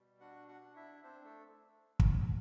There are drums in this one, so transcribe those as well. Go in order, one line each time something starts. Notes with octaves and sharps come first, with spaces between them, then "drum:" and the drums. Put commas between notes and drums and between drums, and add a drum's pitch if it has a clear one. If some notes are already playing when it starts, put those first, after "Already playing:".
Already playing: B2 G3
D4 F#4 F#5
F#4 F#5
D4
E4 E5
C4 D4 C5
A3 A4
drum: kick